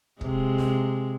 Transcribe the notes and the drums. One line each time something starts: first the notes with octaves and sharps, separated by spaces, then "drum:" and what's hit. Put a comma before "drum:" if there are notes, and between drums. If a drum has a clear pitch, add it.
C3 G#3, drum: kick
drum: snare